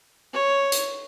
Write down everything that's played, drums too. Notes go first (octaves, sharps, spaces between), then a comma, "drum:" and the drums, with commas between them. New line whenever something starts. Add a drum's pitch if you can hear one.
C#5
drum: hi-hat